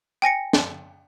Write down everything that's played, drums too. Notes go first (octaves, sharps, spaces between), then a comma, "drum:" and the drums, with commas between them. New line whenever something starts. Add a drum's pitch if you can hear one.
G5 G#5 A#6 C#7
drum: snare